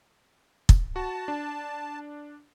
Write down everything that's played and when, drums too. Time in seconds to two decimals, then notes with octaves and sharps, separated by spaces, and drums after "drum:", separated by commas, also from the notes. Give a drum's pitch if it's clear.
0.69 drum: kick
0.96 F#4 A5
1.28 D4